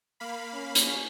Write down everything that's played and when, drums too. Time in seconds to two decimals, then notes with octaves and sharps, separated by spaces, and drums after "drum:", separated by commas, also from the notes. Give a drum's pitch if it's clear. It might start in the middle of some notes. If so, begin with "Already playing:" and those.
0.20 A#3 F5 B5
0.54 C#4
0.75 drum: hi-hat